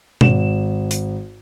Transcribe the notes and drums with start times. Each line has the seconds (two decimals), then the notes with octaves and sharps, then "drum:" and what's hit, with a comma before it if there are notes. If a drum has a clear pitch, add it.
0.21 G#1 E7, drum: tom B2
0.91 drum: hi-hat